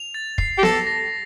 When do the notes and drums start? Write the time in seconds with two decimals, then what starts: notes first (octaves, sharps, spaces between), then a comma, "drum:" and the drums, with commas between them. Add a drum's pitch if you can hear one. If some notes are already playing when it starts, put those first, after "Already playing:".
Already playing: F7
0.14 A6
0.38 C7, drum: kick
0.58 G4
0.63 A4 A#6, drum: snare B3
0.87 A#6